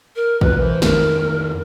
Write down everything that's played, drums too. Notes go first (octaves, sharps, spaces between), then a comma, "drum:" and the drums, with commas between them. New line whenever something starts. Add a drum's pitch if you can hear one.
A#4
B2 E3 F3 B4, drum: kick
E3 C5
F2 D#3 A#4, drum: snare